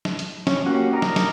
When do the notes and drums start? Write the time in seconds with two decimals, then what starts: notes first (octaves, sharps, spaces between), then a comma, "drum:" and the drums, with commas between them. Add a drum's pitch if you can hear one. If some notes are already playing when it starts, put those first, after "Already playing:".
0.05 drum: snare
0.19 drum: hi-hat
0.47 C#4, drum: snare
0.66 A#3 C#4 F#4 G4 F#5
0.93 D#4 A#4 D5 A#5
1.02 drum: snare
1.16 drum: snare